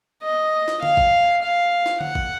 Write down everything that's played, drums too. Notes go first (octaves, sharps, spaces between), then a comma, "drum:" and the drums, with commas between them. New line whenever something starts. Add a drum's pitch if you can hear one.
D#5
drum: snare
F5, drum: tom D3
drum: kick G#1
F5
drum: snare
F#5, drum: tom D3
drum: kick G#1